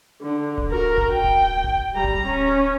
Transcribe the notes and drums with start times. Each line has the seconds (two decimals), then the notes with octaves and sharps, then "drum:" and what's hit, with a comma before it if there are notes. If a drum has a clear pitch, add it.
0.22 D3
0.58 drum: kick D1
0.70 F#4 A#4
0.98 drum: kick D1
1.11 G5
1.24 drum: kick D1
1.64 drum: kick D1
1.94 G3 A#5
2.04 drum: kick D1
2.26 C#4